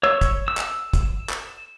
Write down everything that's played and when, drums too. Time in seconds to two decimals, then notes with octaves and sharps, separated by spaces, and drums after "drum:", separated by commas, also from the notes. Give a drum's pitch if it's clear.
0.03 C#5 E6
0.21 drum: kick, hi-hat
0.48 E6
0.57 drum: clap
0.93 drum: kick, hi-hat
1.30 drum: clap